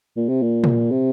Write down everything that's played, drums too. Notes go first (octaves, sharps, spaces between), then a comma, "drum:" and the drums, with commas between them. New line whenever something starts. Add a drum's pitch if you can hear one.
A#2
C3
A#2
drum: tom A#2
C3